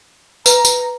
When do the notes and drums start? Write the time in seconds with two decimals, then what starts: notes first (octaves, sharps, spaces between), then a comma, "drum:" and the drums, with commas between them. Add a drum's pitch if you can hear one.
0.46 B4 A#5, drum: tambourine
0.65 drum: tambourine